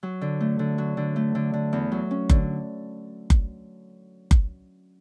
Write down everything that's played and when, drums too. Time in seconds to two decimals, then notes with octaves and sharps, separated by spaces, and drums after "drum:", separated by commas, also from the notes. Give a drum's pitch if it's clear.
0.03 F#3
0.21 D3
0.40 A3
0.59 D3
0.78 F#3
0.97 D3
1.16 A3
1.35 D3
1.54 D3
1.73 E2
1.92 F#3
2.11 C#4
2.30 D3, drum: kick F#1
3.30 drum: kick F#1
4.31 drum: kick F#1